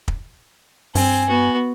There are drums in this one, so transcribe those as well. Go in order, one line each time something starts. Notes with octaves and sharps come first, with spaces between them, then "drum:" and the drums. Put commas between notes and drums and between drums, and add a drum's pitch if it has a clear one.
drum: kick
G2 C4 G#5, drum: open hi-hat
B3 F#4